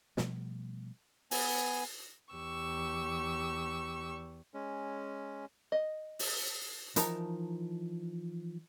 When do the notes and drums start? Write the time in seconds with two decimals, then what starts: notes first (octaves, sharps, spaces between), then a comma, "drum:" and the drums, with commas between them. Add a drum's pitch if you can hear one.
0.17 B2 F3 G3 A3, drum: snare
1.31 B3 G#5, drum: open hi-hat
2.34 E2 G4 C#6 E6
4.54 G#3 C#4
5.72 D#5
6.19 drum: open hi-hat
6.96 E3 F3 D#4 A#4 A5 A#5, drum: hi-hat